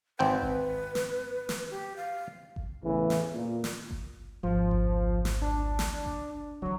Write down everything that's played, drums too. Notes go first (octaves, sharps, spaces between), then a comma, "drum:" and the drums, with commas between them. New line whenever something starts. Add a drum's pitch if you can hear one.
G#1 C4 B4 G5
drum: kick G1
drum: snare
drum: snare
G4
F5
drum: kick G1
E2 A2 C#3 E3
drum: snare
A#2
drum: snare
drum: kick G1
G#1 C#2 F3
drum: kick G1
drum: snare
D4
drum: snare
drum: kick G1
D3 E3 F#3